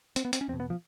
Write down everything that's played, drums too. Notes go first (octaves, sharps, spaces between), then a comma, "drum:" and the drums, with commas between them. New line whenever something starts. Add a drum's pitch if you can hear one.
C4, drum: hi-hat
B3
C4, drum: hi-hat
C#4
E2 C4
B2
B3
F3